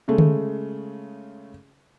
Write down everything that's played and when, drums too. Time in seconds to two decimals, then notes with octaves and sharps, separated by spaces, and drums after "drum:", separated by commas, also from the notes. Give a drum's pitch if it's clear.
0.08 C#3 G#3 A3
0.18 drum: tom D3